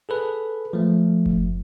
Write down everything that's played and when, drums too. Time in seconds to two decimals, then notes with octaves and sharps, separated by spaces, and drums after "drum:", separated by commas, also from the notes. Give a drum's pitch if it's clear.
0.09 G#4 A4 B4
0.73 F3 A3
1.26 drum: kick F#1